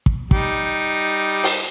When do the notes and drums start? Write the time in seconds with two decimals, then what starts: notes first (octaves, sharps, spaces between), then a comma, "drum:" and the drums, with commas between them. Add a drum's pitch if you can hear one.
0.06 drum: kick
0.31 G3 D#4, drum: kick
1.43 drum: open hi-hat